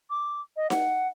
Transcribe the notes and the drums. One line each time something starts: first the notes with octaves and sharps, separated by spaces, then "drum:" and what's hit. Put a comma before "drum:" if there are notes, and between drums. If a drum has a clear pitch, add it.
D6
D#5
F#5, drum: snare D#4